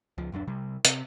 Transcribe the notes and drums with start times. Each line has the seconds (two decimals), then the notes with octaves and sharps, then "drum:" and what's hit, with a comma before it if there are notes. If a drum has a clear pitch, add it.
0.18 C#2 F3
0.32 D1 F#2 F3 D4
0.47 C3 G3
0.85 C3 C4, drum: hi-hat